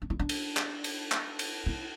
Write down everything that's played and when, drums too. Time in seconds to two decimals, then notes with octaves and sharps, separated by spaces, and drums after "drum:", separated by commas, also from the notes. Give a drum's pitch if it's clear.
0.02 D4
0.10 E4
0.19 D4
0.29 drum: cymbal
0.57 drum: clap
0.84 drum: cymbal
1.12 drum: clap
1.39 drum: cymbal
1.66 E4